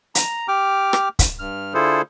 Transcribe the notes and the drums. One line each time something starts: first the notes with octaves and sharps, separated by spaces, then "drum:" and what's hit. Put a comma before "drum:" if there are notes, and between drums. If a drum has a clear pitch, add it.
A#5, drum: hi-hat
G4 G5 D6 F6
drum: rim click
drum: kick, hi-hat
G2 F6
D3 E4 F4 G#4 A4 C5